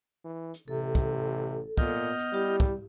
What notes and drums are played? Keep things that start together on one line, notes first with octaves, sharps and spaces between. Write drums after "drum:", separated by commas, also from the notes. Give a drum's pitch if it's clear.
E3
drum: hi-hat
A1 C3 A4
drum: kick, hi-hat
A#2 B3 D#5 F6 G6, drum: kick, hi-hat
drum: hi-hat
G3 E4 G4
drum: kick, hi-hat